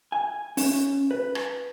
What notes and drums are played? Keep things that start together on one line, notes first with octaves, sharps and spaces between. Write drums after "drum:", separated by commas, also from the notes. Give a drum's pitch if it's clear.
G#5
C#4, drum: open hi-hat
B4
drum: rim click